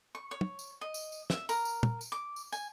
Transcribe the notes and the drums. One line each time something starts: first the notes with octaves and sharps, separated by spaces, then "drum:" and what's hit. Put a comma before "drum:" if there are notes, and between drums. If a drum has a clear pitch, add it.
C#6
C#5
drum: tom
drum: tambourine
D#5
drum: tambourine
drum: tambourine
E5, drum: snare
A#4, drum: tambourine
drum: tambourine
drum: tom
drum: tambourine
D6
drum: tambourine
G#5, drum: tambourine